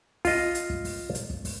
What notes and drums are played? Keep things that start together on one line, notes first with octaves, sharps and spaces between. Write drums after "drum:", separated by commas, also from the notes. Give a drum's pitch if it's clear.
F4 D#5, drum: kick, open hi-hat
drum: hi-hat
drum: kick
drum: kick, open hi-hat
drum: hi-hat
drum: kick
drum: kick, open hi-hat